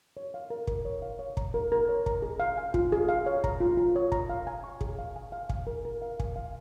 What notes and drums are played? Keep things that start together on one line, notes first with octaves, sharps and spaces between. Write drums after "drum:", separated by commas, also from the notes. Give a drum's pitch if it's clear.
C#5
F5
A#4
A#4, drum: kick
C#5
F5
C#5
A#5, drum: kick
A#4
A#4
C#5
A#5, drum: kick
G#4
F5
G#5
F4, drum: kick
G#4
F5
C#5
A#5, drum: kick
F4
F4
C#5
A#5, drum: kick
F5
G#5
C#6
G#4, drum: kick
F5
G#5
F5
G#5, drum: kick
A#4
A#4
F5
G#5, drum: kick
F5